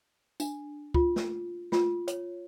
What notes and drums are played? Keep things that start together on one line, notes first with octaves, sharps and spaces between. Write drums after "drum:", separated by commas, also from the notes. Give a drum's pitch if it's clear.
D4, drum: tambourine
F4, drum: kick
drum: snare
F4, drum: snare
C#5, drum: hi-hat